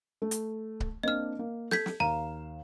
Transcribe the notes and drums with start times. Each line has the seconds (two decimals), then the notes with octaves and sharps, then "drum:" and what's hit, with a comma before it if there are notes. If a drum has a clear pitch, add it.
0.22 A3
0.31 drum: hi-hat
0.80 drum: kick C#1
1.03 A#3 C4 D4 D#5 F6
1.39 A#3
1.71 A4 G6 G#6 B6, drum: snare
1.86 drum: snare
2.00 D#2 F5 A#5 E7